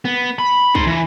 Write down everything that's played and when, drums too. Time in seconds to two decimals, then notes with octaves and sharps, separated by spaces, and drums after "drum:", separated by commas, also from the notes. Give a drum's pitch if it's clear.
0.05 B3
0.39 B5
0.75 D#4 C6, drum: kick C2
0.87 E3 E4